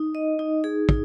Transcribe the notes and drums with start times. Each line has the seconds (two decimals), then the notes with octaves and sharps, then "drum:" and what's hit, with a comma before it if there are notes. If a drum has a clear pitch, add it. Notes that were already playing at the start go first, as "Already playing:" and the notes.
Already playing: D#4
0.15 D#5
0.39 D#4
0.64 G#4
0.89 D#4, drum: kick